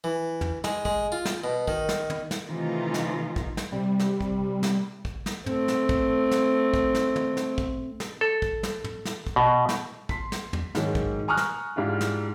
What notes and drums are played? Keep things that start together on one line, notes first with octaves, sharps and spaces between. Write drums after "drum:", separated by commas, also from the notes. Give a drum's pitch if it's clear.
E3
drum: tom
G#3, drum: snare
G#3, drum: kick
F4
drum: snare
B2
D#3, drum: kick
drum: snare
drum: tom
drum: snare
C3 D#3 E3 A3 D#4 F4
drum: snare
drum: kick
drum: snare
C3 G3
drum: snare
drum: kick
drum: snare
drum: kick
drum: snare
A3 C4, drum: tom
drum: snare
drum: kick
drum: snare
drum: kick
drum: snare
drum: tom
drum: snare
drum: kick
drum: snare
A4
drum: kick
drum: snare
drum: tom
drum: snare
drum: kick
B2
drum: snare
C6 B6, drum: kick
drum: snare
drum: tom
G#2 D#3 F#3 G#3, drum: snare
drum: kick
G#5 A#5 C#6 D#6 F6 F#6
drum: snare
G#2 G#3 D4 E4 F4 G4
drum: snare